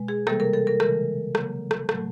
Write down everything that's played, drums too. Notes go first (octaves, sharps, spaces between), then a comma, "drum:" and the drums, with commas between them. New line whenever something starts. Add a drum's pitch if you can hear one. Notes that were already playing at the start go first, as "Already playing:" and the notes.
Already playing: B2 G#3
G#4
C3 E3 G3 A#3 A4, drum: rim click
A#4
A4
A#4
C#3 E3 G#3 A#4, drum: rim click
C#3 F#3 A#3, drum: rim click
drum: rim click
A2 F#3 A3, drum: rim click